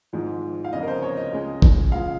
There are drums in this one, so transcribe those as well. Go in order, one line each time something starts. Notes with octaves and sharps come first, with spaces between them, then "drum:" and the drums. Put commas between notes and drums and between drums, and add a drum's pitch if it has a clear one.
G#1 G#2 F3 G#3
F5
G1 F2 C#3 D#5
A#4
C5
C#5
D#5
C#2 C#3 G#3
drum: kick G#1
C#3 F3 G#3 F5